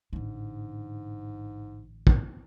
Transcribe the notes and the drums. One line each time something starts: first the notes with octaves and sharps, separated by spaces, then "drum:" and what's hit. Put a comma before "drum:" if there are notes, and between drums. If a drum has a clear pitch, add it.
A1 G#2 D3
drum: kick